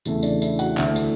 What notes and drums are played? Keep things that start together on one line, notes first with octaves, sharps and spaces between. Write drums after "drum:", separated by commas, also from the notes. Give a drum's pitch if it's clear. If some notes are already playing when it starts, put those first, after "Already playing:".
E2 C#3 E3 A3 E4, drum: tambourine
D4 D5, drum: tambourine
E4 E5, drum: tambourine
F#4 F#5, drum: tambourine
D2 D3 A3 E4 E5, drum: clap
drum: tambourine